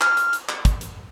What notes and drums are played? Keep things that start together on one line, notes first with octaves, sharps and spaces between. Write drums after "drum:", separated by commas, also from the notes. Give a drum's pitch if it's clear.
F6, drum: clap
drum: hi-hat
drum: hi-hat
drum: clap
drum: kick, hi-hat
drum: hi-hat